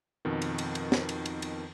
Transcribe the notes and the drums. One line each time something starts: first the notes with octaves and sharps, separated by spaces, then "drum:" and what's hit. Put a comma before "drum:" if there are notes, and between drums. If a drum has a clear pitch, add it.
F2 B2 D#3
drum: cymbal
drum: cymbal
drum: cymbal
drum: snare
drum: cymbal
drum: cymbal
drum: cymbal